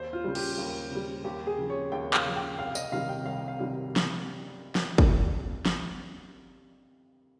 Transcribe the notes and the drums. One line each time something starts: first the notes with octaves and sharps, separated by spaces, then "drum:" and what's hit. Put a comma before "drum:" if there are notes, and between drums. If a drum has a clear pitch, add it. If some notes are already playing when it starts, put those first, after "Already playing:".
Already playing: D#2 C5
F4
C#3 G3
G4, drum: cymbal
D#2
C#3 G3
D#2 G4
G#4
C#3 F3
C#5
D#2 G5
F5, drum: clap
C#3 F3
G5
C2 F5
D#5, drum: tambourine
C3 D#3 G3 F5
G5
C2 F5
F5
C3 D#3 G3
drum: snare
drum: snare
drum: kick
drum: snare